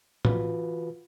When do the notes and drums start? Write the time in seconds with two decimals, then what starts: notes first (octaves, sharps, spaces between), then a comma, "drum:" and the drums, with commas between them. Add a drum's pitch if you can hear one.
0.25 E3 F4 F#4 B4, drum: tom